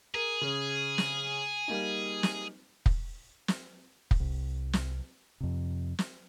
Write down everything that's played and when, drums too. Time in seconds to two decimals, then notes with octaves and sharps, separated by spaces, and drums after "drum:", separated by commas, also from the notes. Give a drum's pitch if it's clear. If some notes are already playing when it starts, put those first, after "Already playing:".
0.14 G#4 A#4
0.41 C#3
0.98 drum: snare
1.68 G3 A#3 D#4
2.23 drum: snare
2.86 drum: kick
3.48 drum: snare
4.11 drum: kick
4.20 C2
4.73 drum: snare
5.40 F2 C3
5.99 drum: snare